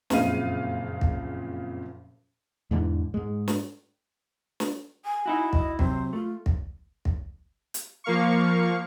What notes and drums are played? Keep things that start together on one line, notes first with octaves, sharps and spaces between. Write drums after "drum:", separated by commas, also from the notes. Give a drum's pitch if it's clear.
F#1 F2 A#2 C#3 F5 D#7, drum: snare
drum: kick
E2 G#2 D3 E3
G#2 G#3
drum: snare
drum: snare
G#5
D#4 E4 F#4
D#5, drum: kick
C3 F#3 C5, drum: kick
A3 F4
drum: kick
drum: kick
drum: hi-hat
F3 A#3 F5 C#6